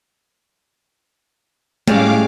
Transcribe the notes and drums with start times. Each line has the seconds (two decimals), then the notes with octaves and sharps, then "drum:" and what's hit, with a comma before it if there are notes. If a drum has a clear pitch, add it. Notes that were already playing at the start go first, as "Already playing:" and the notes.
1.88 A2 G3 G#3 C#4 F5 D6, drum: tom G#3